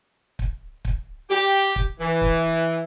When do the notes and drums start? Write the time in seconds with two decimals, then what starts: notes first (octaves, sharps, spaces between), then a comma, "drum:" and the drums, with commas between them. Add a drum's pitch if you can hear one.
0.39 drum: kick
0.85 drum: kick
1.30 G4
1.76 drum: kick
2.00 E3
2.22 drum: kick